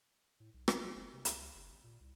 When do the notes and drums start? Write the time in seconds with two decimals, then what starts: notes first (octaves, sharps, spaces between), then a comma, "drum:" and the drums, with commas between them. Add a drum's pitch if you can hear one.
0.40 A2
0.54 B1
0.68 A1, drum: rim click
0.83 F#3
0.96 F#1
1.13 C3
1.25 C#2, drum: hi-hat
1.37 C#2
1.55 F#1
1.72 G#1
1.84 A#2
2.01 C2